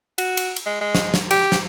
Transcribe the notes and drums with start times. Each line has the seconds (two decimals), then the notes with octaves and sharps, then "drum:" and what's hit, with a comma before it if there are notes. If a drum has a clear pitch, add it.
0.18 F#4, drum: cymbal
0.37 drum: cymbal
0.56 drum: cymbal
0.66 G#3
0.81 G#3
0.95 drum: snare
1.14 drum: snare
1.31 G4, drum: cymbal
1.52 drum: snare